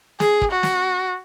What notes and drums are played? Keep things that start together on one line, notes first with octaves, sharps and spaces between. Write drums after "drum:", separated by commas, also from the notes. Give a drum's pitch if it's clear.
G#4, drum: snare
drum: kick
F#4
drum: snare